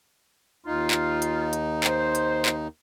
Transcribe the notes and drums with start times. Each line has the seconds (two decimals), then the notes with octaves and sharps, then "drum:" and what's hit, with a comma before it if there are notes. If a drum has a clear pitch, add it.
0.66 D#2 D#4 F4
0.91 drum: clap
1.22 drum: hi-hat
1.53 drum: hi-hat
1.84 C5, drum: clap
2.15 drum: hi-hat
2.46 drum: clap